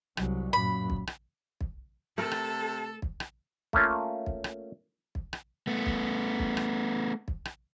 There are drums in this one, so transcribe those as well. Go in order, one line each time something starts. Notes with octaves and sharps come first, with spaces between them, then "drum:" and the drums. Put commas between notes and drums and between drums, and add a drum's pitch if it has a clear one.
C2 F#3, drum: rim click
F#2 A#2 B5
drum: kick
drum: rim click
drum: kick
C3 A3 A4 A#4 A5
drum: rim click
drum: kick
drum: rim click
A3 A#3 C#4 F4, drum: kick
drum: kick
drum: rim click
drum: kick
drum: rim click
A3 B3
drum: kick
drum: kick
drum: rim click
drum: kick
drum: rim click